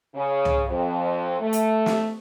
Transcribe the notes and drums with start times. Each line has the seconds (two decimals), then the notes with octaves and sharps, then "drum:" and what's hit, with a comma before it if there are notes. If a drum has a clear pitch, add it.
0.15 C#3
0.45 drum: tom
0.68 F2
1.41 A3
1.53 drum: hi-hat
1.86 drum: snare